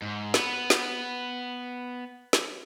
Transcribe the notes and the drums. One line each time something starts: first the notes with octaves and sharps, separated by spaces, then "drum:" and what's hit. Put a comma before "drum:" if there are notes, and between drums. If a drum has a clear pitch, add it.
G#2
B3 B4, drum: snare
drum: snare
drum: snare